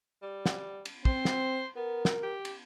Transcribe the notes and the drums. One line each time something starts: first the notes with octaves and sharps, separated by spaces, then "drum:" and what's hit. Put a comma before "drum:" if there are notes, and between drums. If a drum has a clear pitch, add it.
G3
drum: snare
drum: cymbal
C4 C5, drum: kick
drum: snare
B3 A#4
drum: snare
G4
drum: cymbal